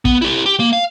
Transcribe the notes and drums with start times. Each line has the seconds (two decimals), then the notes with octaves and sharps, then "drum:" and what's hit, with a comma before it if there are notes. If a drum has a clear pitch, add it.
0.05 B3, drum: kick
0.22 E4 G4
0.46 G4
0.60 A#3
0.73 F5